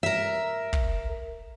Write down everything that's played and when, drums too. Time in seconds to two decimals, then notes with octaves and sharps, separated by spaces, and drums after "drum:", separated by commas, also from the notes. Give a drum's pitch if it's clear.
0.03 A#4 E5
0.73 drum: kick